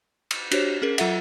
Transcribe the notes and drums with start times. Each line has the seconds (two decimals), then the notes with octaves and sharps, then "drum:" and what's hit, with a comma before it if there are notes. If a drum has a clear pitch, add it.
0.31 drum: cymbal
0.51 D4 F#4 G4 C5 C#5, drum: cymbal
0.82 C#4 G#4 A#4
0.98 F#3 F4 A4 E5 F#5, drum: cymbal